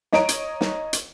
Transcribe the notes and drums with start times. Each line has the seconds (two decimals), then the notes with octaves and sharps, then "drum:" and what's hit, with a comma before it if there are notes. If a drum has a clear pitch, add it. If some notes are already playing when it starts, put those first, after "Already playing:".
0.13 C#5 D#5 A#5 D7, drum: snare
0.29 drum: hi-hat
0.61 drum: snare
0.93 drum: hi-hat